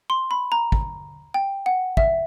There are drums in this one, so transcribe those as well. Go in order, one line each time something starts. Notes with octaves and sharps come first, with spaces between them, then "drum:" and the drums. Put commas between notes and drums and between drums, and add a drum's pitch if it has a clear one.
C6
B5
A#5
drum: kick
G5
F#5
E5, drum: kick